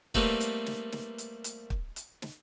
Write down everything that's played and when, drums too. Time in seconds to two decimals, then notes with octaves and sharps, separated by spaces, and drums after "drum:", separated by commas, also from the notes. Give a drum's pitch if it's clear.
0.14 G3 A3 A#3 C4 D#4 B4, drum: kick
0.40 drum: hi-hat
0.66 drum: snare
0.92 drum: snare
1.18 drum: hi-hat
1.44 drum: hi-hat
1.70 drum: kick
1.96 drum: hi-hat
2.22 drum: snare